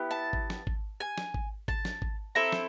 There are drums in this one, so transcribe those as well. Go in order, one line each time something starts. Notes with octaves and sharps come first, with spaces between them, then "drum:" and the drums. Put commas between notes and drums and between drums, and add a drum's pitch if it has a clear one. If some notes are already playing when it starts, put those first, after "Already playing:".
Already playing: B3 E4 G4
A5
drum: kick G#1
drum: snare
drum: kick G#1
G#5
drum: snare
drum: kick G#1
A5, drum: kick G#1
drum: snare
drum: kick G#1
C4 E4 A4 A#5
drum: snare